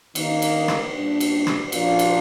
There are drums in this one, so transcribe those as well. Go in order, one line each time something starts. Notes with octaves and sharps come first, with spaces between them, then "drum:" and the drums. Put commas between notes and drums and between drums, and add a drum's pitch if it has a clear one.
D#3 A#3 D#4, drum: cymbal
drum: cymbal
drum: rim click
A#2 G3 D4
drum: cymbal
drum: rim click
A#2 F3 A#3 D4 F4, drum: cymbal
drum: cymbal